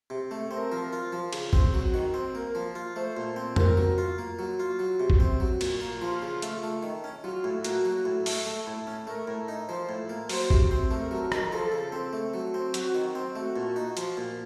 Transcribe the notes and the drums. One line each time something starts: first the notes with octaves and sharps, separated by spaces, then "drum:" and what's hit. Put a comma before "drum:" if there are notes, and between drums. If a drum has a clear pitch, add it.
C3
A3
C4 A#4
F3
F4
F3
C#3, drum: cymbal
C4, drum: kick
F#3 F#4
D#3
C4
A#3 A#4
F3
F4
A3 C5
A#2
C4
C4 A#4, drum: tom F2
F#3
F4
A#3
F#3
F4
F#3
C3
drum: kick
C4
F#3
A#2, drum: cymbal
A#3
F3 F4
C#3
A3, drum: hi-hat
A3
D#3
C#4
F#3 F4
A2
F#4
A#3, drum: hi-hat
F#3
A2
A3, drum: open hi-hat
A3
A2
C#4
A3 A#4
A2
D#4
F3 C5
A2
A#3
F#3 C5, drum: open hi-hat
C3, drum: kick
C4
A3 A#4
F#3
D#4, drum: rim click
F3 A4
C#3
C4
A3
F#3
C4
F#3 F#4, drum: hi-hat
D#3
C4
A3 F#4
A#2
D#4
F3, drum: hi-hat
A#2